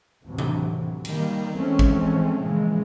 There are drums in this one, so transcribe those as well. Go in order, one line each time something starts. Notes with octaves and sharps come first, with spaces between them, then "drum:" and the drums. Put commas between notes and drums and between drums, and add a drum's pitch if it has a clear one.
D#2 A2 C3 E3 F#3
drum: tom C3
D#3 G3 A#3, drum: cymbal
E3 F3 G#3 A3 C4 C#4
drum: kick
A#2 C#3 E3 F3 G#3